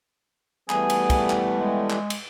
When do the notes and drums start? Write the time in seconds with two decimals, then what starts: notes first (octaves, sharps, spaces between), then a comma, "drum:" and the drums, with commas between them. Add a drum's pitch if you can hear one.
0.70 E3 G3 A3 B3 G#4, drum: clap
0.90 drum: cymbal
1.10 drum: kick, cymbal
1.30 drum: clap
1.58 G#3
1.90 drum: clap
2.10 drum: cymbal